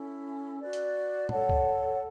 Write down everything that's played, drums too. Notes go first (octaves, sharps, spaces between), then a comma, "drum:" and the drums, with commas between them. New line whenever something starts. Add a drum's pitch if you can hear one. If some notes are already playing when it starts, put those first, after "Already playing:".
Already playing: C#4 E4 A4
F#4 B4 D5
drum: hi-hat
A4 C#5 F#5 A5, drum: tom A2
drum: kick